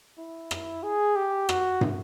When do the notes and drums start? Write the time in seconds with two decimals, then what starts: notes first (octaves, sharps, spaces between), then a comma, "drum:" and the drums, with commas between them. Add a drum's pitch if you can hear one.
0.18 E4
0.51 drum: rim click
0.83 G#4
1.16 G4
1.49 F#4, drum: rim click
1.81 drum: tom